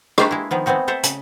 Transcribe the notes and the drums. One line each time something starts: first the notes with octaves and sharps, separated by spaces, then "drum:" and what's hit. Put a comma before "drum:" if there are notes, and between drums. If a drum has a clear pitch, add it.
A#3 D4 G4 B4, drum: rim click
G#3 E4
D#3 F3 B3
G#3 A3 B3 C4 F#4
A4 C5 E5 F#5
C#3, drum: hi-hat